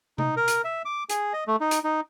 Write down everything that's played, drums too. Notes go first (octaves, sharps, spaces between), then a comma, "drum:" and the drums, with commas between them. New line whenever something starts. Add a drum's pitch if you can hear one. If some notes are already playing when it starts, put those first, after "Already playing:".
D#4, drum: tom C3
A#4
drum: hi-hat
E5
D6
G#4, drum: hi-hat
D#5
A3
D#4
drum: hi-hat
D#4